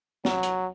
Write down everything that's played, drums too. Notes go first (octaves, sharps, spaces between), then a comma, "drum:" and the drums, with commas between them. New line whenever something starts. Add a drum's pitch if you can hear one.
F#3, drum: snare
drum: hi-hat